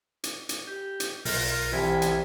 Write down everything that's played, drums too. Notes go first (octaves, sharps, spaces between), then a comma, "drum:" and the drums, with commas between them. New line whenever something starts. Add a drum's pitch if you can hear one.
drum: hi-hat
drum: hi-hat
G4
drum: hi-hat
B1 F4 A#4 F6, drum: open hi-hat
C3 E3 G#5 B5
drum: hi-hat